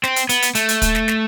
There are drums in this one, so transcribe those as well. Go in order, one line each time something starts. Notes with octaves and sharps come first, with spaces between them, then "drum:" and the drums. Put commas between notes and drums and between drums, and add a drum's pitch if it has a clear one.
C4, drum: snare
drum: hi-hat
B3, drum: hi-hat
drum: hi-hat
A3, drum: hi-hat
drum: hi-hat
drum: kick, hi-hat
drum: snare
drum: snare